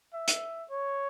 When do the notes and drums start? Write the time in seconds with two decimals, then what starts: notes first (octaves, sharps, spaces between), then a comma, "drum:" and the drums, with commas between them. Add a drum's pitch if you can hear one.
0.14 E5
0.28 drum: hi-hat
0.70 C#5